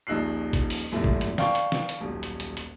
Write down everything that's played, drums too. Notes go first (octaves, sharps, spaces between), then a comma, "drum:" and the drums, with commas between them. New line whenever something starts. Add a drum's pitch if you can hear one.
D#1 A#1 D#4 E6 F#6 C7
drum: kick, hi-hat
drum: open hi-hat
D#1 G#1 F#2 B2 A3 E4
drum: kick
drum: hi-hat
D5 F5 G5 A5 C#6, drum: snare
drum: hi-hat
drum: snare
drum: hi-hat
D#1 B1
drum: hi-hat
drum: hi-hat
drum: hi-hat